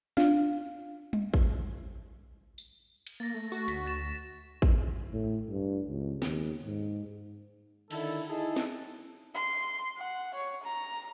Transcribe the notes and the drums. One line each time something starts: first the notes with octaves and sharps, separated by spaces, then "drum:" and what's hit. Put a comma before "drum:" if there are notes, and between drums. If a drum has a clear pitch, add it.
D4 F4 F5, drum: snare
drum: tom G3
drum: kick
drum: tambourine
drum: cymbal
A#3 A6 A#6
A3
F#4, drum: tambourine
D2 B6, drum: hi-hat
A6 E7
drum: kick
A2
G2
C#2
D#2, drum: snare
G#2
D3 D#3 E4 A4, drum: cymbal
D#4 E4 G#4 A4
drum: snare
C6
F#5
C#5
A#5